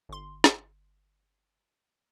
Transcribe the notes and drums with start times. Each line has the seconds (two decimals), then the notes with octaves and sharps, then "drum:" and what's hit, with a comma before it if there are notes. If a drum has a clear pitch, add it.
0.09 G1 C6
0.44 drum: snare